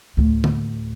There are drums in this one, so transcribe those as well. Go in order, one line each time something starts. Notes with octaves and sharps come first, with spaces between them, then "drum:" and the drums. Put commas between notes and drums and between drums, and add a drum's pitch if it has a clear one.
D2 A2
drum: tom D3